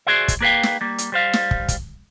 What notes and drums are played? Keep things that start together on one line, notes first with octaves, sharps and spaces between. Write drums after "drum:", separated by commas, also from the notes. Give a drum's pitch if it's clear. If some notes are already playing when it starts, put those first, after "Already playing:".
F#4 G#4 C5 D5 E5
drum: kick, hi-hat
A#3 G#4 B4 D#5 F5 G5
drum: snare
G3 A#3
drum: hi-hat
G3 C5 F5
drum: snare
drum: kick
drum: kick, hi-hat